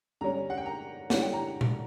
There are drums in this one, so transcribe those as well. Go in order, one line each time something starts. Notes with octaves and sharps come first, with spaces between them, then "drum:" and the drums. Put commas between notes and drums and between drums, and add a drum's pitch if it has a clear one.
D3 G3 C#4 A#5
F#5
G5
A#5
D3 G3 C#4 E4 F#5, drum: snare
G5
A#5
drum: tom A#2